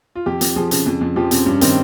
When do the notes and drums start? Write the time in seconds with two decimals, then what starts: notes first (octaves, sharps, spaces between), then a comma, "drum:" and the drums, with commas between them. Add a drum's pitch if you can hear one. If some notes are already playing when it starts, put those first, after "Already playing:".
0.15 F4
0.26 F2 G4
0.41 F2, drum: hi-hat
0.56 F3 G#4
0.71 C#3, drum: hi-hat
0.86 F2
1.01 F2
1.16 F3 G4
1.31 C#3 C4, drum: hi-hat
1.46 G2 C#4
1.61 D#3 C4, drum: hi-hat